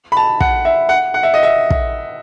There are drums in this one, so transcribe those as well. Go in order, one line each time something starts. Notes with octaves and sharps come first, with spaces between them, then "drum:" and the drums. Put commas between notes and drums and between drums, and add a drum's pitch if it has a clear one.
B5
A5
F#5, drum: kick
E5
F#5
F#5
E5
D#5
E5
drum: kick